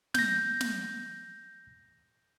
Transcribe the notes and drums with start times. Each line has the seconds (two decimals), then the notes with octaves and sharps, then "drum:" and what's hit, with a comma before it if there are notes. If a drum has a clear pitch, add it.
0.14 G6 A#6, drum: snare
0.61 drum: snare